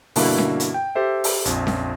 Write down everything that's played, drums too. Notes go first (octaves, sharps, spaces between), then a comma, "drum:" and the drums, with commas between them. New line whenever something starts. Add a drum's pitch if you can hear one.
G2 B2 D3 A#3 E4 F#4, drum: open hi-hat
drum: snare C#4
drum: hi-hat
G5
G4 A4 C5 E5
drum: open hi-hat
A#1 F2, drum: hi-hat
drum: snare C#4